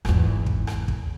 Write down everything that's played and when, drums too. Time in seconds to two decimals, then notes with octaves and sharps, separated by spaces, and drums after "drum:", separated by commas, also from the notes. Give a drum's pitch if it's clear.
0.05 G#1 E2, drum: rim click
0.46 drum: kick
0.67 drum: rim click
0.88 drum: kick